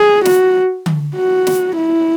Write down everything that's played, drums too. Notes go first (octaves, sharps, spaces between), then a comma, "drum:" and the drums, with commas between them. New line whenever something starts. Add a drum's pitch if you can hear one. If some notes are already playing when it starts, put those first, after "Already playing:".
Already playing: G#4
F#4, drum: snare
drum: tom D3
F#4
drum: snare
E4